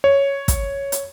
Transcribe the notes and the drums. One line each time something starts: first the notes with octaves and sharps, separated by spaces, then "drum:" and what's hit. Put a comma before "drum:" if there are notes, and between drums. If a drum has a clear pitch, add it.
C#5
drum: kick, hi-hat
drum: hi-hat